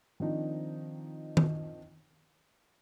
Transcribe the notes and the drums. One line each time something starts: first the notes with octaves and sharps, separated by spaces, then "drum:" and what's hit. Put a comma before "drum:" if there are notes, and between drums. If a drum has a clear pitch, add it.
D#3 F3 C4 D4 D#4
drum: tom D#3